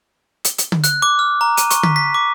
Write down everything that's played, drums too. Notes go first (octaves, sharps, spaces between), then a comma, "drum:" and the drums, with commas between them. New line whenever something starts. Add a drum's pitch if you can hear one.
drum: hi-hat
drum: hi-hat
drum: tom D3
F#6, drum: hi-hat
D6
F6
A#5
D#7, drum: hi-hat
C#6, drum: hi-hat
B6, drum: tom D3
B6
D6